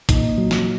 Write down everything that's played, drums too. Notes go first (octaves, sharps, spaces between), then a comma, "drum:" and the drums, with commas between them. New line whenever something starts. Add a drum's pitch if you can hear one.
A#2 D#4, drum: kick A#1, hi-hat
F#3
drum: snare